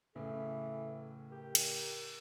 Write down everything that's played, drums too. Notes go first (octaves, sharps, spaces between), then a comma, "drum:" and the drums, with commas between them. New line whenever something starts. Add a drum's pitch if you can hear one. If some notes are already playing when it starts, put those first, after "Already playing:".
A2 C#3 E3 A4
G4 A#4
drum: cymbal